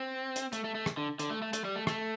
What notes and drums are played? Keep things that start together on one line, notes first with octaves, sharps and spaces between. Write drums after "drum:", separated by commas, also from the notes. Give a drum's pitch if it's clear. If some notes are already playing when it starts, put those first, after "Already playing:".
Already playing: C4
drum: hi-hat
A3, drum: hi-hat
A3
A3
drum: rim click
D3
D3, drum: hi-hat
A3
A3
A3, drum: hi-hat
G3
A3
A3, drum: rim click